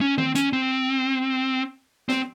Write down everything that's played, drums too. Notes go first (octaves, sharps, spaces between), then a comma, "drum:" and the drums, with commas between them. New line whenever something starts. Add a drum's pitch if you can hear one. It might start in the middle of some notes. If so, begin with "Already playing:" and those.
C#4
C4, drum: tom D#3
C#4, drum: hi-hat
C4
C4, drum: snare B3